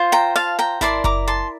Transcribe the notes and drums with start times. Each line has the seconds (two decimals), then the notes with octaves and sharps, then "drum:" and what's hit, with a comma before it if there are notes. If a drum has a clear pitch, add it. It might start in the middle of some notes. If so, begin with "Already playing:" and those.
Already playing: F4 C5
0.12 G5 A#5
0.36 F5 A5
0.59 G5 A#5
0.81 E4 A#4 D5 A5 C6, drum: snare G#1
1.04 A#5 D6, drum: kick F#1
1.28 A5 C6